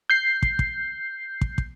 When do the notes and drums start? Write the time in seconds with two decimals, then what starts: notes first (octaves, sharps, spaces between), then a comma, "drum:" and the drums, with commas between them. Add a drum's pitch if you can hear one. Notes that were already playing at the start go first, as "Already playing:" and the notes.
0.10 G6 C7
0.43 drum: kick
0.59 drum: kick
1.41 drum: kick
1.58 drum: kick